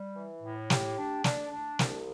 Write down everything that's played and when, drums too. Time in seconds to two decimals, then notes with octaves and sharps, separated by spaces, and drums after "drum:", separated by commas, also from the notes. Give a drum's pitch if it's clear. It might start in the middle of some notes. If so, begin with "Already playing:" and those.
Already playing: G3
0.14 E3
0.41 A2
0.70 G4, drum: snare
0.97 D4
1.24 D4, drum: snare
1.51 D4
1.79 C2, drum: snare